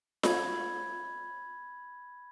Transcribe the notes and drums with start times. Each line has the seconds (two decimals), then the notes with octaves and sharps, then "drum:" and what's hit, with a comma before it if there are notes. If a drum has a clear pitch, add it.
0.23 B5 G#6, drum: snare F4